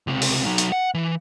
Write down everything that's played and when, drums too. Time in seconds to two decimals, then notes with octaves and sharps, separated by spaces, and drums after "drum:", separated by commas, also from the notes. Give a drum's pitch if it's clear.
0.07 C#2 C3
0.22 drum: open hi-hat
0.46 F#3 D#4
0.58 drum: hi-hat
0.72 F#5
0.94 E3